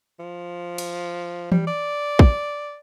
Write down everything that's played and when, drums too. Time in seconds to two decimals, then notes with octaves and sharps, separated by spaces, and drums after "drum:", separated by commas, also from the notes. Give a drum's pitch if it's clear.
0.19 F3
0.78 drum: cymbal
1.52 G3, drum: tom E3
1.67 D5
2.19 drum: kick